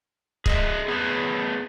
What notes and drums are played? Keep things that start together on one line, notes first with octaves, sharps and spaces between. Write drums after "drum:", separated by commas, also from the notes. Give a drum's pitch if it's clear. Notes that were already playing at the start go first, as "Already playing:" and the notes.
G#4 D#5 E5, drum: kick
A3 B3 G#4